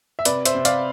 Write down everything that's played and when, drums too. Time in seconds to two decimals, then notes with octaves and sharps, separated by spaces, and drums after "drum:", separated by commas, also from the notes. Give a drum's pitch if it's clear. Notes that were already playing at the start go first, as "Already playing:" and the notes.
0.19 E5
0.25 C3 B4 D5, drum: hi-hat
0.45 C5 E5, drum: hi-hat
0.55 C3
0.65 D5 F5, drum: hi-hat